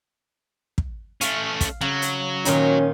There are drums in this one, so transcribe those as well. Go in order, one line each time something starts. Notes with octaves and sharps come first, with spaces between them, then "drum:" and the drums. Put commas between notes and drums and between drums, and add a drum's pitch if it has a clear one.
drum: kick
A3 C#4 F5, drum: hi-hat
drum: kick, hi-hat
C#3 F#3
drum: hi-hat
A#2 D#3 C#4 D#4, drum: hi-hat